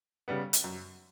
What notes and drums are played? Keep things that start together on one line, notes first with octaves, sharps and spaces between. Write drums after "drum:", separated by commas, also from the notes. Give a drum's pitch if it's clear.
C#3 G3 B3
drum: hi-hat
F#2